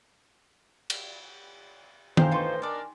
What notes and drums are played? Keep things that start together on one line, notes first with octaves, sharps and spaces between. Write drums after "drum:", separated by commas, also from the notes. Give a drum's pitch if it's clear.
drum: cymbal
A2 D4 D#4 G4 A#4 C5 F5 G#5, drum: tom D#3
D#4 F4 B4 G5 C6 C#6
D4 D#4 A#4 D5 G#5 D6